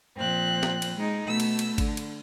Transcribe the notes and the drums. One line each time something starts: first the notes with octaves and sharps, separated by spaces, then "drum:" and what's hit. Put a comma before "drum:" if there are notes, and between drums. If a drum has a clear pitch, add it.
A#2 F3 C4 F#6
drum: snare
drum: cymbal
G#3 D#4
B2 A3 E6
drum: cymbal
drum: cymbal
D3, drum: kick G#1, cymbal
drum: cymbal